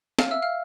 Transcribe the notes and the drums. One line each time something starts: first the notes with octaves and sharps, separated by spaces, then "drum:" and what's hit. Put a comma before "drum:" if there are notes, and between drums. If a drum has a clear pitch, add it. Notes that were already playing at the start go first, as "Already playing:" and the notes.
F5 F6, drum: snare
E5 E6
F5 F6